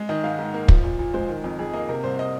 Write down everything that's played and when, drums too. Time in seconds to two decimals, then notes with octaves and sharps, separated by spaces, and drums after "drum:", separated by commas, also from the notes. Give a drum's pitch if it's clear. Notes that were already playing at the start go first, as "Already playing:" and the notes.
Already playing: G#3
0.09 D#3 D#5
0.24 G#2 F5
0.39 G#2
0.54 A#3
0.68 F3, drum: kick
0.84 A#2
0.99 A#2
1.14 G#3 C5
1.29 D#3 A#4
1.44 F2
1.59 F2 G#4
1.73 A#3 D#5
1.89 C3 A#4
2.04 C2 C5
2.19 D#5